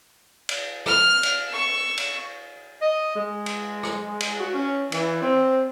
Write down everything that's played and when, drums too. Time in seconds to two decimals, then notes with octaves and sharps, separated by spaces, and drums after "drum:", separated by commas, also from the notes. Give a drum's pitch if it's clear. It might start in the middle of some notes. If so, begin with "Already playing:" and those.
0.49 drum: cymbal
0.86 F6, drum: rim click
1.23 drum: cymbal
1.48 C#6 E6
1.97 drum: cymbal
2.80 D#5
3.15 G#3
3.46 drum: cymbal
3.83 drum: rim click
4.20 drum: cymbal
4.39 F#4
4.54 C#4
4.92 E3, drum: cymbal
5.22 C4